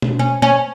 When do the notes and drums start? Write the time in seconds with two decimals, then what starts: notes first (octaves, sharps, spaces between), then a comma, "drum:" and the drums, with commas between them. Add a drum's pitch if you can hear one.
0.02 drum: tom B2
0.19 C#4
0.42 C#4